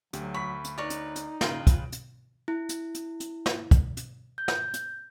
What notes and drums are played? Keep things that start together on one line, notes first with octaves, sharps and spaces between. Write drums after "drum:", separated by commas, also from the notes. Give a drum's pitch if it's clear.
D2 F#3 G4, drum: hi-hat
B5 C#6 B6
drum: hi-hat
D#4 A#4 B4 C#5 D5
drum: hi-hat
drum: hi-hat
C#3 F4 B4 G5 D7, drum: snare
drum: kick, hi-hat
drum: hi-hat
E4
drum: hi-hat
drum: hi-hat
drum: hi-hat
drum: snare
drum: kick, hi-hat
drum: hi-hat
G6
drum: snare
drum: hi-hat